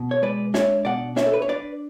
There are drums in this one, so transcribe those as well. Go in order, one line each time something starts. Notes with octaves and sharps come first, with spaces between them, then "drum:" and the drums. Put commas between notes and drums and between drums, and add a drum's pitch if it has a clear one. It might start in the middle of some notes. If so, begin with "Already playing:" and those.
Already playing: B2
C#5
G#3 B4 D5
D4 C#5 E5, drum: snare
B2 D5 F#5
D4 C#5 E5, drum: snare
A4
B4
C#5
D4 B4 D5